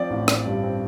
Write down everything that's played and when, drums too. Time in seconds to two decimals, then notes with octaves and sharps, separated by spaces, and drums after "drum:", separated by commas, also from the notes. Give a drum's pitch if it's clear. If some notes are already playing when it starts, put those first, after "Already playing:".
Already playing: F3 C4 D5
0.10 A1
0.28 C4, drum: rim click
0.45 G2
0.63 C4